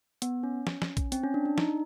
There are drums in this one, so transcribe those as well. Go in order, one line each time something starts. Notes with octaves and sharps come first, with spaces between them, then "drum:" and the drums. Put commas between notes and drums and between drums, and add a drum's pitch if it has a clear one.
B3, drum: hi-hat
C#4
drum: snare
drum: snare
drum: kick, hi-hat
C4, drum: hi-hat
C#4
D4
D4
D#4, drum: snare